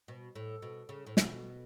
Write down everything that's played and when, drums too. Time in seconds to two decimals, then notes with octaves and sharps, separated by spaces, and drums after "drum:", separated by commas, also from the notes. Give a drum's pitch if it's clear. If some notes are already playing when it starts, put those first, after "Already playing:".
0.08 B2
0.35 A2
0.62 B2
0.89 C#3
1.07 A2
1.17 B2, drum: snare